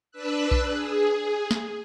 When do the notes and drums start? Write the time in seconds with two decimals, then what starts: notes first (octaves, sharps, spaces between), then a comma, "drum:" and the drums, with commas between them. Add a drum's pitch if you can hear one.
0.12 D4 B4 E6 F#6
0.51 drum: kick B1
0.67 G#4
1.51 drum: snare